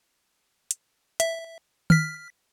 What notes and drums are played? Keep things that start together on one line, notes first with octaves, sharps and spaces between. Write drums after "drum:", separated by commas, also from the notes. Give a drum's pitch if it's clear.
drum: hi-hat
E5, drum: hi-hat
F6 B6, drum: tom